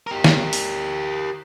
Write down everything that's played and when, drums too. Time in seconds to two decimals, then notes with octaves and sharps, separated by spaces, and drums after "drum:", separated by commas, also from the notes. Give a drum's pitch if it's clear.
0.07 G4 A#4
0.24 drum: snare
0.53 drum: open hi-hat